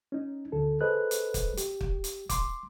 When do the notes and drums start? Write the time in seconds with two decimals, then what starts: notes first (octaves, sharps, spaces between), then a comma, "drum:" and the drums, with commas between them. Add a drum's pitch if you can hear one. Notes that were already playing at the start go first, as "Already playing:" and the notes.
0.12 C#4 D#4
0.52 D2 D3 A4
0.81 G#4 A4 B4 C5 D#5 F#6
1.11 drum: hi-hat
1.34 drum: kick, hi-hat
1.57 G4, drum: hi-hat
1.81 drum: kick
2.04 drum: hi-hat
2.29 C6 D6, drum: kick, hi-hat